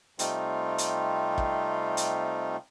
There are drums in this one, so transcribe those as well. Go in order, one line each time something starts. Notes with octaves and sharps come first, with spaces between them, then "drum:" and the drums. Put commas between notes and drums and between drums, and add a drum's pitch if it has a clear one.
C3 G3 A3 C4 D#4 F4, drum: hi-hat
drum: hi-hat
drum: kick
drum: hi-hat